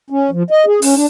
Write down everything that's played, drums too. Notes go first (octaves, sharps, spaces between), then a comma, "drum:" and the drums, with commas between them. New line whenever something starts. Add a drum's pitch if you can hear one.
C#4
F3
D#5
G#4
C#4, drum: open hi-hat
D4